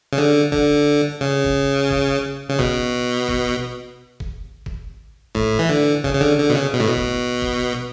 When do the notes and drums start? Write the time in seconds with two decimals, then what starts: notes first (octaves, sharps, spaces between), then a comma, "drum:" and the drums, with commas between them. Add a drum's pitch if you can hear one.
0.13 C#3
0.18 D3
0.53 D3, drum: kick
1.21 C#3
1.45 drum: kick
1.90 drum: kick
2.49 C#3
2.59 B2, drum: kick
3.28 drum: kick
4.20 drum: kick
4.66 drum: kick
5.35 A2, drum: kick
5.59 E3
5.69 D3
6.04 C#3, drum: kick
6.14 C#3
6.21 D3
6.39 D3
6.50 B2
6.55 C#3
6.73 B2
6.80 A2
6.87 B2
6.96 drum: kick
7.42 drum: kick